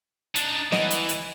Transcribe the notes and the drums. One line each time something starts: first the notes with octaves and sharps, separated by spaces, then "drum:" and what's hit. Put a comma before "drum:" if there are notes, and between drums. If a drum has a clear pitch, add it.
D4 D#4, drum: hi-hat
E3 D#5 F#5, drum: snare
drum: hi-hat
drum: hi-hat